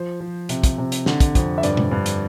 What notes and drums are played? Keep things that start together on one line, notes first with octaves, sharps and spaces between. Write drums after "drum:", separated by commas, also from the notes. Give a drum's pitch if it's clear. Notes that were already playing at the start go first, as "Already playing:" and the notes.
Already playing: F3 C5
F3
C3, drum: hi-hat
drum: kick, hi-hat
C3
drum: hi-hat
D3, drum: snare
drum: kick, hi-hat
F2, drum: kick, hi-hat
E5
G2 D5, drum: hi-hat
drum: tom
G2
drum: hi-hat